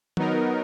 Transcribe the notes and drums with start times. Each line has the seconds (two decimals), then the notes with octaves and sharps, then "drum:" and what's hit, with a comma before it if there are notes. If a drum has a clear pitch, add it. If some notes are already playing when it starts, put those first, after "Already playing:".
0.17 F#3 B3 D#4 A#4, drum: tom D#3